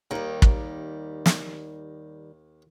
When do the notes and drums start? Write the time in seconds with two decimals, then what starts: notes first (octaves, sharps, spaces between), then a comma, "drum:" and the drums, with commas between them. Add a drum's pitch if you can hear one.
0.11 D#2 D#3 G3
0.42 drum: kick
1.26 drum: snare